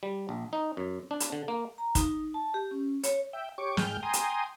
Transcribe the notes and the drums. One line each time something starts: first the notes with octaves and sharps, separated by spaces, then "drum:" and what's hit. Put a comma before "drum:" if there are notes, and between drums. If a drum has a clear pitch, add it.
G3
A#1
D#4
F#2
D4
drum: hi-hat
D3
A#3
A#5
D#4, drum: kick, hi-hat
A5
G4
C#4
C#5, drum: hi-hat
E5 G5
G4 C#5 C#6 D6
G#2 G#3 G5 F6 G6, drum: snare
G5 G#5 A#5 C6 D#6
drum: hi-hat